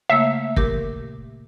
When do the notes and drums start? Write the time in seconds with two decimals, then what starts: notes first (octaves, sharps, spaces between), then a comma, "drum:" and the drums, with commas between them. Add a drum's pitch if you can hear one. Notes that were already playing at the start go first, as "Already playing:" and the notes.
0.10 C#3 A3 A#3 E5
0.57 A#2 G4 A#4, drum: kick